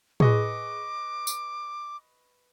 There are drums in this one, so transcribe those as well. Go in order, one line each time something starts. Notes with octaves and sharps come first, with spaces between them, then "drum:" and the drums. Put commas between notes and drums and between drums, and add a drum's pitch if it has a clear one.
G#4 B4 D#5 C#6 D6, drum: tom A2
drum: tambourine